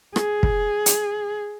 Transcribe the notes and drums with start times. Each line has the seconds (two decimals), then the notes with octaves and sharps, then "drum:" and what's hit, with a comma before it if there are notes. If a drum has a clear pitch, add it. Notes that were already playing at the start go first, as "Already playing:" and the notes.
0.16 G#4, drum: rim click
0.43 drum: kick
0.86 drum: hi-hat